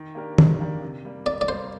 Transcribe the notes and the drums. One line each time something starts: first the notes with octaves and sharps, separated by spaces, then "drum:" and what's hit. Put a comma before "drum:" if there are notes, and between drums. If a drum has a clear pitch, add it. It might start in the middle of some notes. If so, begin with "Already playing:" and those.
Already playing: D#3
A#3 D4 G4 A#4
D#3, drum: tom
A#3 D4 G4 A#4
C3
G3 A#3
C3 D5
D5
G3 A#3 C5